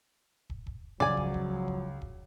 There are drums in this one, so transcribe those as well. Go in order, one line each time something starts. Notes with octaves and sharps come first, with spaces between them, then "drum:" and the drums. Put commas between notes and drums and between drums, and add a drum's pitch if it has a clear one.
drum: kick
drum: kick
C#2 F3 F#3 D5 G#5
drum: kick
drum: kick
drum: kick
drum: kick